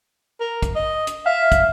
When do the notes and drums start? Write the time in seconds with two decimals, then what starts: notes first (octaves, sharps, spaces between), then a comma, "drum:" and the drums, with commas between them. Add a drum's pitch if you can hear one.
0.40 A#4
0.62 drum: kick, hi-hat
0.76 D#5
1.07 drum: hi-hat
1.26 E5 F5
1.52 drum: kick, hi-hat